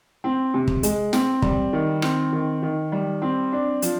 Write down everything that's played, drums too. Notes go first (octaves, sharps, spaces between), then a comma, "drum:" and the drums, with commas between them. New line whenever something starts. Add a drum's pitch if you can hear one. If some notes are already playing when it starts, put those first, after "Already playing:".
C4
C3
drum: kick
G#3, drum: hi-hat
C4, drum: snare
G3, drum: kick
D#3
C4, drum: rim click
D#3
D#3
G3
C4
D4
F3, drum: hi-hat